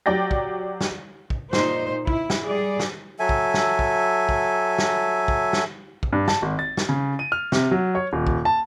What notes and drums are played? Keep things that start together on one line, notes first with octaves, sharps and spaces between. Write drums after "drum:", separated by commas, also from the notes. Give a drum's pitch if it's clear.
F#3 G4 D5 G5 A#6
drum: kick
drum: snare
drum: kick
A#2 D#4 C5, drum: snare
E4, drum: kick
drum: snare
G3 G#4 D5
drum: snare
F#3 A4 E5 G#5
drum: kick
drum: snare
drum: kick
drum: kick
drum: snare
drum: kick
drum: snare
drum: kick
G2
A5, drum: snare
G#1
A6
drum: snare
C#3
D#7
F6
C3, drum: snare
F#3
C#5
D#1
drum: kick
A5